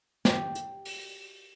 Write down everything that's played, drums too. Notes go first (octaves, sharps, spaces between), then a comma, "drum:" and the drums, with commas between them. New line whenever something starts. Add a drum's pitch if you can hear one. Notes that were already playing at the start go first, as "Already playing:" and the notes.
G4, drum: snare
drum: hi-hat
drum: open hi-hat